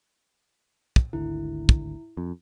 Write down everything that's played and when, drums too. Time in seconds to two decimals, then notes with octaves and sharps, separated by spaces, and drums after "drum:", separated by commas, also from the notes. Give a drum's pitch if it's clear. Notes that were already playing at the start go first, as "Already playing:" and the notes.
0.96 drum: kick
1.13 G#1 D2 D3 E4
1.69 drum: kick
2.17 F2